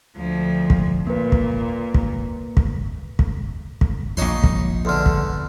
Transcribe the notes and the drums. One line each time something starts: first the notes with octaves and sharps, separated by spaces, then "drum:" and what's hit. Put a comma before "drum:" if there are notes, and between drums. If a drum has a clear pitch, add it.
D2 F3
drum: kick
A#2 A#3 B4
drum: kick
drum: kick
drum: kick
drum: kick
drum: kick
A#1 F2 D#4 C#5 C6
drum: kick
E2 D3 A4 C6 F6
drum: kick